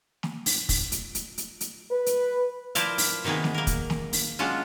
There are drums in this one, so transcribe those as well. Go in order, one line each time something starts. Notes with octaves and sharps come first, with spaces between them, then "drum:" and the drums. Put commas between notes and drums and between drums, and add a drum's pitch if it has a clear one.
drum: snare
drum: open hi-hat
drum: kick, open hi-hat
drum: hi-hat
drum: hi-hat
drum: hi-hat
drum: hi-hat
B4
drum: hi-hat
F3 E4 A#4 C5 D5 F5, drum: hi-hat
drum: open hi-hat
C3 D#3 A#3 B3 G#4
drum: snare
A#3 A#4
drum: kick, hi-hat
drum: snare
drum: open hi-hat
F#3 G#3 C#4 D4 F4